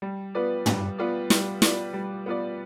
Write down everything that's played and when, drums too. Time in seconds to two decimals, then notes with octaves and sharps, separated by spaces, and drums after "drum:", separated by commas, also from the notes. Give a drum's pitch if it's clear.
0.02 G3
0.35 B3 F4 B4 D5
0.66 G3, drum: tom
0.98 B3 F4 B4 D5
1.30 G3, drum: snare
1.62 B3 F4 B4 D5, drum: snare
1.93 G3
2.26 B3 F4 B4 D5